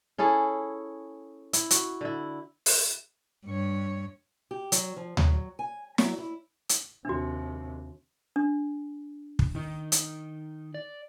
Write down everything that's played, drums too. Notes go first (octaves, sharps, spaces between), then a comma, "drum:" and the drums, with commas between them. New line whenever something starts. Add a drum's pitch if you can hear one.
C#4 E4 G#4 A4
E4, drum: hi-hat
F#4, drum: hi-hat
D3 E4
drum: open hi-hat
G2 C#5
G4
F#3, drum: hi-hat
F3
F#3, drum: tom D2
G#5
F#3, drum: snare
E4
drum: hi-hat
D#2 C3 D4 F#4
D4
drum: kick
D#3 D#4
drum: hi-hat
D5